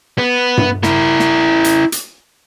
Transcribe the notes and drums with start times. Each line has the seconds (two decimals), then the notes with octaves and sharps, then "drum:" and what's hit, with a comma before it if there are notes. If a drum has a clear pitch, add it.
0.18 B3
0.58 drum: tom G2
0.83 E4 A#4, drum: snare
1.20 drum: snare
1.64 drum: hi-hat
1.92 drum: hi-hat